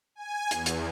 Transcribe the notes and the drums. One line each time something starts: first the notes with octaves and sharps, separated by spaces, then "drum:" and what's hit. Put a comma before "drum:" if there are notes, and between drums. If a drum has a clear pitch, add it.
G#5
E2, drum: hi-hat
drum: hi-hat